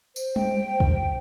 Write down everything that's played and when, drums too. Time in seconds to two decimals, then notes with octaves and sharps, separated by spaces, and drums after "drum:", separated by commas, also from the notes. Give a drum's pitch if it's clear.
0.16 C5, drum: tambourine
0.36 G5, drum: tom G3
0.80 drum: kick